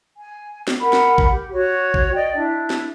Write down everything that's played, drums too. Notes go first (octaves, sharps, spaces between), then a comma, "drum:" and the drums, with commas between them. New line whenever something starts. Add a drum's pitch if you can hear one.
G#5
drum: snare
A#4 F#5 B5
drum: snare
drum: kick A1
G4
F#4 C#5
drum: kick A1
D5 D#5 G5
D4 E4
drum: snare